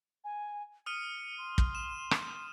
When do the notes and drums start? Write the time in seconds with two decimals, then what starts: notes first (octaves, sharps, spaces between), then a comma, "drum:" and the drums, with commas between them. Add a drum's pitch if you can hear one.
0.24 G#5
0.86 D#6 F6 C#7 D#7
1.38 C6
1.58 drum: kick
1.75 E7
2.11 drum: rim click